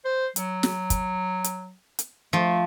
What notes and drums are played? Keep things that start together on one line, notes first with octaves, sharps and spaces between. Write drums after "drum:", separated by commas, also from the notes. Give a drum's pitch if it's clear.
C5
F#3, drum: hi-hat
drum: snare
drum: kick, hi-hat
drum: hi-hat
drum: hi-hat
F3 A3